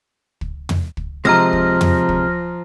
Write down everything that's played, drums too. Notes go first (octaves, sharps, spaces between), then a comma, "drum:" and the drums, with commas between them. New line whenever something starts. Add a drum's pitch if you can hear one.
drum: kick
drum: tom
drum: kick
C3 F3 G#3 A#5 F6 A#6
drum: kick
drum: tom
drum: kick